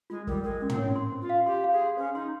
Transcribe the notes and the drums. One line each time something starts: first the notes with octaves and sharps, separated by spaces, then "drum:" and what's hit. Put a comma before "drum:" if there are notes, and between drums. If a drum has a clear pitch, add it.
G#3 F4
G3 A#4, drum: kick
G#3 A#4
C#4
C4, drum: tom
C#5
C6
C5
F4
F5
G4 C6
F5
G#4
C6
C#4 C5
D#4 C6